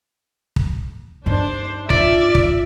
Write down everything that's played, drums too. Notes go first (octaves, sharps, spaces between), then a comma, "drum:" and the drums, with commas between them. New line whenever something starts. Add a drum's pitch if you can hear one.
drum: kick
G2 D4 D#4 C5
F4 D5 E5, drum: kick
drum: kick